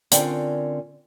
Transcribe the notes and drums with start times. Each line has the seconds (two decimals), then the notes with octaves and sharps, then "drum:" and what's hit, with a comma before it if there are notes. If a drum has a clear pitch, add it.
0.11 D3 C4 C#4 F4 A#4 D5, drum: hi-hat